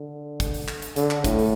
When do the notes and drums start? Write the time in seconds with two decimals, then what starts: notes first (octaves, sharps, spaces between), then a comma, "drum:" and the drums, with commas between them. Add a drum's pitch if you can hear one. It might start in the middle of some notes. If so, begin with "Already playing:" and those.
Already playing: D3
0.40 drum: kick, hi-hat
0.54 drum: open hi-hat
0.68 drum: clap
0.82 drum: hi-hat
0.96 D3, drum: hi-hat
1.11 drum: clap
1.24 A2, drum: kick, hi-hat
1.39 drum: open hi-hat